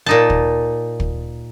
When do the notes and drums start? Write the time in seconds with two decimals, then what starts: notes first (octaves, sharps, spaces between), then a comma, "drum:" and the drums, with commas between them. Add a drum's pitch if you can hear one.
0.06 A#2 D#4 A5
0.30 drum: kick
1.00 drum: kick